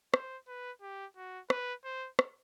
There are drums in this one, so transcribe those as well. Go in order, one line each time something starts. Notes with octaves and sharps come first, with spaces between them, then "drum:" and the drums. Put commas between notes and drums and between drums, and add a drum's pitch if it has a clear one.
C5, drum: rim click
B4
G4
F#4
B4, drum: rim click
C5
drum: rim click